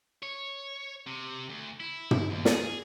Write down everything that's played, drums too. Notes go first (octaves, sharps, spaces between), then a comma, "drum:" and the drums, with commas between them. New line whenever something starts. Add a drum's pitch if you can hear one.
C#5
C3
D2
E4
drum: tom
D#2
G#4, drum: snare